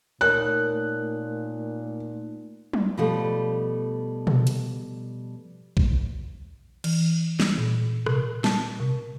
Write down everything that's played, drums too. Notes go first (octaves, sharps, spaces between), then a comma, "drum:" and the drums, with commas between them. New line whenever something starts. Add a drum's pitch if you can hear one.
A#2 A3 D#4 A#4 C#5 F#6
drum: tom F#3
B2 F3 G3 A3
drum: tom B2
drum: hi-hat
drum: kick A#1
E3, drum: cymbal
drum: snare
A#2
C3, drum: rim click
A5, drum: snare
C3